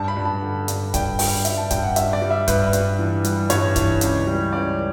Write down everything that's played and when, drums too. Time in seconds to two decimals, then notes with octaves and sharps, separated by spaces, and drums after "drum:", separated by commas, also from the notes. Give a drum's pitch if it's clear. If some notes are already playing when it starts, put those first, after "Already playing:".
Already playing: G2 A5
0.08 B5
0.17 G2
0.25 A5
0.42 D3
0.68 G2, drum: hi-hat
0.94 G2 G5, drum: kick C#1, hi-hat
1.19 G2 G5, drum: open hi-hat
1.45 G2 E5, drum: hi-hat
1.57 A5
1.71 G2 G5, drum: kick C#1, hi-hat
1.83 F#5
1.96 G2 E5, drum: hi-hat
2.13 D5
2.22 G3
2.30 E5
2.48 G2 B4, drum: kick C#1, hi-hat
2.73 G2, drum: hi-hat
2.99 E3
3.24 G3, drum: hi-hat
3.50 G2 C#5, drum: hi-hat
3.76 E3, drum: kick C#1, hi-hat
4.01 C#2, drum: hi-hat
4.27 G3
4.53 C#2 D5